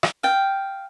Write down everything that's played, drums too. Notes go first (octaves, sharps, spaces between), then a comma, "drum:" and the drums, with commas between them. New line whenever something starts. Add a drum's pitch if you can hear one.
drum: rim click
F5 G5